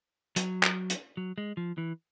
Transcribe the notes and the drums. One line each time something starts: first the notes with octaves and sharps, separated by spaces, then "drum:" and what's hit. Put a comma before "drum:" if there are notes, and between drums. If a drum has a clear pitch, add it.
F#3, drum: hi-hat
drum: clap
drum: hi-hat
F#3
G#3
F3
E3